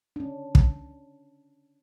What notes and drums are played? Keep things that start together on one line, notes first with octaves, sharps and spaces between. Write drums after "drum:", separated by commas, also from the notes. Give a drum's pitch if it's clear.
C#4 D4
drum: kick